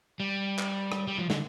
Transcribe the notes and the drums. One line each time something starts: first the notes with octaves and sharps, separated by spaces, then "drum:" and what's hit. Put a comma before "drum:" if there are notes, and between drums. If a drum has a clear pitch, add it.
G3
drum: clap
drum: rim click
G3
F3
D3, drum: snare